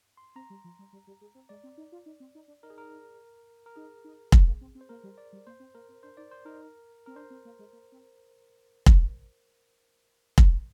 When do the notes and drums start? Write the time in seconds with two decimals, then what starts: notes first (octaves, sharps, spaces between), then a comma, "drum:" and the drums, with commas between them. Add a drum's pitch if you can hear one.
0.17 C6
0.35 C4 A#5
0.50 G3
0.64 F3
0.79 G3
0.93 G3
1.07 G3
1.21 G#3
1.35 C4
1.49 G#3 D5
1.64 C4
1.77 D#4
1.92 F4
2.06 D#4
2.20 C4
2.35 D#4
2.48 D4
2.63 D#4 A#4
2.70 G#4
2.78 A#4
3.66 A#4
3.76 D#4 G#4
4.04 D#4
4.32 D4, drum: kick
4.47 A#3
4.61 C4
4.75 C4
4.81 C5
4.89 A#3 A#4
5.04 G3
5.18 D5
5.33 G3
5.47 A#3 C5
5.60 C4
5.74 A#3 A#4
5.89 C4
6.03 D4 C5
6.17 D#4 D5
6.31 C5
6.45 D#4 A#4
7.06 C4 A#4
7.16 D4 C5
7.30 C4
7.45 A#3
7.59 G#3
7.73 A#3
7.92 C4
8.86 drum: kick
10.38 drum: kick